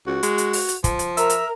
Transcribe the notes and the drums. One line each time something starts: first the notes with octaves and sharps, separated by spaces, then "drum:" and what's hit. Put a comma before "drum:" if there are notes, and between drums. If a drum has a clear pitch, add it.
C#2 F#4
G#3, drum: hi-hat
drum: hi-hat
drum: open hi-hat
drum: hi-hat
F3, drum: kick, hi-hat
drum: hi-hat
A#4 E5 A#5, drum: hi-hat
drum: hi-hat